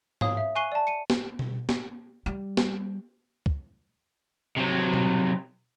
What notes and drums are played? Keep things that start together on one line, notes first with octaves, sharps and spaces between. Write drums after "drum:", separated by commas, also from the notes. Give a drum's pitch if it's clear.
C#5 F5 D#6, drum: tom G#2
E5
G#5 C#6 F#6 C7 D#7 G7
D5 A5
C#7 D#7
drum: snare
drum: tom B2
drum: snare
G3
drum: snare
drum: kick
C3 F#3
drum: tom B2